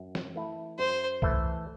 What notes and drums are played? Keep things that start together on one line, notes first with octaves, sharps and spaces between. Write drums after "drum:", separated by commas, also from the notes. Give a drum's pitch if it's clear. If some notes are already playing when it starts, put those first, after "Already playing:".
Already playing: F#2
drum: snare
E3 A3 E4
F#2 C5
E3 A3 E4, drum: kick C2